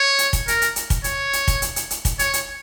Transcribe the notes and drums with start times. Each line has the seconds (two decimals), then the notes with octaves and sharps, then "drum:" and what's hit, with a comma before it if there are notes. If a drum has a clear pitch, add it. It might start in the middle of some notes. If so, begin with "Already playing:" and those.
Already playing: C#5
0.19 drum: hi-hat
0.33 drum: kick, hi-hat
0.48 A#4, drum: hi-hat
0.62 drum: hi-hat
0.76 drum: hi-hat
0.90 drum: kick, hi-hat
1.04 C#5, drum: hi-hat
1.33 drum: hi-hat
1.48 drum: kick, hi-hat
1.62 drum: hi-hat
1.76 drum: hi-hat
1.90 drum: hi-hat
2.05 drum: kick, hi-hat
2.19 C#5, drum: hi-hat
2.33 drum: hi-hat